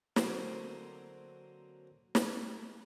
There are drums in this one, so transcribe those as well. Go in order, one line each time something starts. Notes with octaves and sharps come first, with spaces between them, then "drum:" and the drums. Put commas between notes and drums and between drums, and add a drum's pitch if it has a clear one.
D3 F#3 A#3 C4 F#4, drum: snare
drum: snare